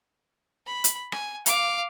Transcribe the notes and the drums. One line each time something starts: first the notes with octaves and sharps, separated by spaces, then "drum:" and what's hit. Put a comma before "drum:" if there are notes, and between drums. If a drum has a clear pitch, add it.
B5
drum: hi-hat
G#5, drum: rim click
F5 D6, drum: hi-hat